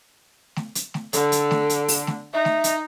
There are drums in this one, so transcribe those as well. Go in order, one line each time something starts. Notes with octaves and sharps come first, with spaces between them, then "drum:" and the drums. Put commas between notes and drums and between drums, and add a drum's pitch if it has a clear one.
drum: snare A3
drum: hi-hat
drum: snare A3
D3 A4, drum: hi-hat
drum: hi-hat
drum: snare A3
drum: hi-hat
drum: open hi-hat
drum: snare A3
D#4 E5
drum: snare A3
drum: hi-hat